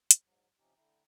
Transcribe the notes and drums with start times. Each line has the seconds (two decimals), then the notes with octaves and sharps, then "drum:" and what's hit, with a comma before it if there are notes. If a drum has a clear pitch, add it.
0.11 drum: hi-hat
0.24 G#2 F#3
0.59 C3 F3 C#4 D#4 G4
0.77 D3 A3 E4 G5 A#5